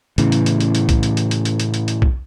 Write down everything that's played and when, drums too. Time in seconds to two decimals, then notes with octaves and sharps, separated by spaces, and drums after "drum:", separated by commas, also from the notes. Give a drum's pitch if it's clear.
0.18 A2 C#3 E3, drum: hi-hat
0.32 drum: hi-hat
0.46 drum: hi-hat
0.60 drum: hi-hat
0.75 drum: hi-hat
0.89 drum: kick B1, hi-hat
1.03 drum: hi-hat
1.17 drum: hi-hat
1.31 drum: hi-hat
1.45 drum: hi-hat
1.60 drum: hi-hat
1.74 drum: hi-hat
1.88 drum: hi-hat
2.02 drum: kick B1